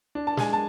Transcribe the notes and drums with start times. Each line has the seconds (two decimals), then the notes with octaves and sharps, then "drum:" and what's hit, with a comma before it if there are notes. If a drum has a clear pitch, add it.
0.15 D4
0.27 A5
0.37 G#3 G#5, drum: snare
0.53 A5